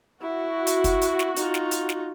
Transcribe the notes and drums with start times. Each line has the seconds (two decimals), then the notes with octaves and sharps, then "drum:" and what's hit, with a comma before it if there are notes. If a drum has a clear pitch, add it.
0.22 E4 F#4
0.67 drum: hi-hat
0.84 drum: kick, hi-hat
1.02 drum: hi-hat
1.19 drum: snare
1.36 D#4 F4, drum: hi-hat
1.54 drum: snare
1.71 drum: hi-hat
1.89 drum: snare